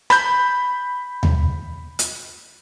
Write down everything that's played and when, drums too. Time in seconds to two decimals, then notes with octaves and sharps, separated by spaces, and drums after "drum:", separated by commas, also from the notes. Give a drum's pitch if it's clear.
0.10 B5 G6, drum: rim click
1.23 drum: tom D#2
1.99 drum: hi-hat